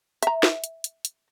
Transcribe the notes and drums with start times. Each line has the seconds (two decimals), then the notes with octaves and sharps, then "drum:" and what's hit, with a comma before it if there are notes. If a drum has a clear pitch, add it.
0.23 E5 A#5, drum: hi-hat
0.43 drum: snare
0.64 drum: hi-hat
0.84 drum: hi-hat
1.05 drum: hi-hat